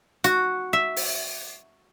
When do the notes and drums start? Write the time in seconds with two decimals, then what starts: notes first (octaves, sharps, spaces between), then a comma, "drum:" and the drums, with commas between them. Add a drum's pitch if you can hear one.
0.24 F#4, drum: hi-hat
0.73 E5
0.96 drum: open hi-hat